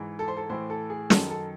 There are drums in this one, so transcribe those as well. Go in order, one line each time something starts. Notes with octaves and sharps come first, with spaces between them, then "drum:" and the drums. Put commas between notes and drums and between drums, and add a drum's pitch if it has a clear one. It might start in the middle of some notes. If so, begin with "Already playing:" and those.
Already playing: G#2 E3
A4
C5
A4
A2 E3 C5
A4
G#4
F#2 D#3 A4, drum: snare
A4